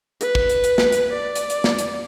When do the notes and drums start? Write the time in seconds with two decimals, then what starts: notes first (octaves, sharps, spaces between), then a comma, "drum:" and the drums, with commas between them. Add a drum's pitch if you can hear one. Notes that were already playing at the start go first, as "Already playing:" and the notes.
0.21 B4, drum: hi-hat
0.35 drum: kick
0.49 drum: hi-hat
0.64 drum: hi-hat
0.78 drum: snare
0.92 drum: hi-hat
1.13 D5
1.35 drum: hi-hat
1.50 drum: hi-hat
1.64 drum: snare
1.79 drum: hi-hat